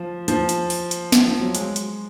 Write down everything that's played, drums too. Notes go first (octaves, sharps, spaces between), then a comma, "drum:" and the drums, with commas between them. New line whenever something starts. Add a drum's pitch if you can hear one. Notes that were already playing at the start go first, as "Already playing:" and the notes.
Already playing: F3
F3, drum: hi-hat
drum: hi-hat
drum: open hi-hat
drum: hi-hat
drum: snare
F3
F#3
G#3, drum: hi-hat
drum: hi-hat